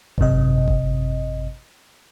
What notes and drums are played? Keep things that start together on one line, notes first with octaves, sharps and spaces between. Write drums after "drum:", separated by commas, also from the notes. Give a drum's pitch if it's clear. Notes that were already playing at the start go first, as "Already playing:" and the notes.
G#1 F#2 C3 D#5, drum: kick F#1
drum: kick F#1